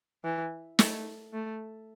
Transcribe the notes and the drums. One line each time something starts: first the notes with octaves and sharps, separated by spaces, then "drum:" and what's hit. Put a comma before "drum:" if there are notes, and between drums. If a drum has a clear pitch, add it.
E3
A3, drum: snare
A3